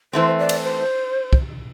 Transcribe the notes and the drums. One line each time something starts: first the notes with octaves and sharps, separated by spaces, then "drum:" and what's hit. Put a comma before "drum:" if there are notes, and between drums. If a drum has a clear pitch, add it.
E3 A3 C4 C5
D5
drum: cymbal
C5
drum: kick